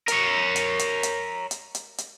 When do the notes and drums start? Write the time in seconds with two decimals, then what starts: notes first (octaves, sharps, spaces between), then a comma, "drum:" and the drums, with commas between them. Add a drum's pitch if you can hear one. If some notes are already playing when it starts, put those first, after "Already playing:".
0.08 A#4 C#5, drum: hi-hat
0.56 drum: hi-hat
0.79 drum: hi-hat
1.03 drum: hi-hat
1.51 drum: hi-hat
1.75 drum: hi-hat
1.98 drum: hi-hat